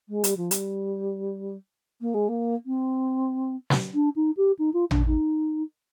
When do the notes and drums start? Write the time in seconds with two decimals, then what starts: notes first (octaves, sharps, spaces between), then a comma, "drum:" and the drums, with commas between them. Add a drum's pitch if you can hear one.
0.09 G#3
0.24 G3, drum: hi-hat
0.37 F3
0.51 G3, drum: hi-hat
2.01 A#3
2.14 G#3
2.29 A#3
2.66 C4
3.70 drum: snare
3.94 D4
4.16 D#4
4.37 G4
4.59 D#4
4.74 F4
4.91 D4, drum: tom
5.07 D#4